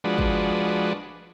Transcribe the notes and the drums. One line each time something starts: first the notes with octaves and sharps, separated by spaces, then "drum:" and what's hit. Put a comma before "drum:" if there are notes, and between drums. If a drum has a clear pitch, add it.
F3 G#3 D4 F#4 B4
drum: kick